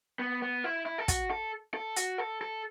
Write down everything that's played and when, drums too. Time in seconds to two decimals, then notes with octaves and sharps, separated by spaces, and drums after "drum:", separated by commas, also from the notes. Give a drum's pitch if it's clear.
0.19 B3
0.42 B3
0.64 E4
0.86 E4
0.98 A4
1.08 F#4, drum: kick, hi-hat
1.31 A4
1.74 A4
1.96 F#4, drum: hi-hat
2.18 A4
2.41 A4